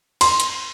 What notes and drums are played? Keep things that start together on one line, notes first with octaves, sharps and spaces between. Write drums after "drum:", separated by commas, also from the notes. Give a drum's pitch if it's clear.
C6, drum: cymbal
drum: hi-hat